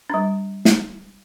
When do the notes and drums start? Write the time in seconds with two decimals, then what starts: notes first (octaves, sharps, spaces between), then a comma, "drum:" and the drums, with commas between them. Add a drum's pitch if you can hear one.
0.10 G3 D4
0.65 drum: snare